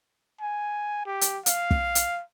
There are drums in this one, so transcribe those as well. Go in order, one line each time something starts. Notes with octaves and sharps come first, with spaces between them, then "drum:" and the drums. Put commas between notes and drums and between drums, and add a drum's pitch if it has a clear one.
G#5
G4
drum: hi-hat
F5, drum: hi-hat
drum: kick
drum: hi-hat